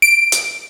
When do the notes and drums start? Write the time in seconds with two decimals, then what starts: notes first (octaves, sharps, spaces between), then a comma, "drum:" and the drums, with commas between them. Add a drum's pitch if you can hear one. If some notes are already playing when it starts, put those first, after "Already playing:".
0.02 D7
0.32 drum: hi-hat